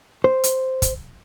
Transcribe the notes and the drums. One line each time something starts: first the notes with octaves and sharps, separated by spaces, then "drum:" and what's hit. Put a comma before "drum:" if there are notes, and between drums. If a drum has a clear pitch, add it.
C5
drum: hi-hat
drum: kick, hi-hat